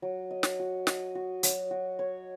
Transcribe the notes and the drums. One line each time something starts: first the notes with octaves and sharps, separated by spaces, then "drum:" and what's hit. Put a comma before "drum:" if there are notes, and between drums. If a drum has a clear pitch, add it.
F#3
D#5
drum: snare
F#4
D#5, drum: snare
F#4
F#3, drum: hi-hat
F#4
C#5